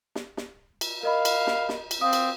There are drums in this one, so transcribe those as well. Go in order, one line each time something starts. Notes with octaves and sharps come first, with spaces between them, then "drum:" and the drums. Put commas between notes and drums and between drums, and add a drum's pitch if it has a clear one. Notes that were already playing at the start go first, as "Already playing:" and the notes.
drum: snare
drum: snare
drum: cymbal
A#4 D#5 F5 B5
drum: cymbal
drum: snare
drum: snare
drum: cymbal
C4 F5 D#6
drum: cymbal